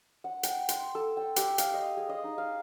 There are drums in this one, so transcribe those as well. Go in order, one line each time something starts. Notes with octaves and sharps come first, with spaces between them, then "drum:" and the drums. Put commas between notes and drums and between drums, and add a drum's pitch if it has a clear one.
F#5
G5, drum: hi-hat
C6, drum: hi-hat
A4
G5
G4, drum: hi-hat
F5, drum: hi-hat
D#5
G#4
D#5
D#4
F5